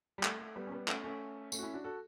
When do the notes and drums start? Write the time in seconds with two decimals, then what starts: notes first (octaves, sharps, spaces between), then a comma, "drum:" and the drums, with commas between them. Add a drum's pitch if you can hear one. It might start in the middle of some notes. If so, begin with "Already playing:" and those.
0.18 G3
0.23 A3, drum: clap
0.39 A3
0.56 G3 B3
0.67 C#4
0.71 G3 B3
0.88 A3 C#4, drum: clap
1.04 A3 C#4
1.52 A3 C#4, drum: tambourine
1.59 F#4
1.63 C#4 E4
1.74 D4 F#4
1.84 F#4 A4